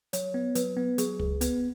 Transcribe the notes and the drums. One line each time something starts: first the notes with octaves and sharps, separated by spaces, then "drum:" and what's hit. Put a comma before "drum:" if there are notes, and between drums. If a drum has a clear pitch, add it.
F#3 C#5, drum: hi-hat
B3
F#3 B4, drum: hi-hat
B3
F#3 G#4, drum: hi-hat
C#2 G#4, drum: kick
B3 B4, drum: hi-hat